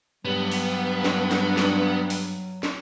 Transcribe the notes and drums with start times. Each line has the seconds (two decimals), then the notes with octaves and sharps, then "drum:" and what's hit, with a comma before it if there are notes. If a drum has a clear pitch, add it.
0.25 G2 F#3 B3
0.52 drum: open hi-hat
1.04 drum: snare
1.31 drum: snare
1.57 drum: snare
2.10 drum: open hi-hat
2.63 drum: snare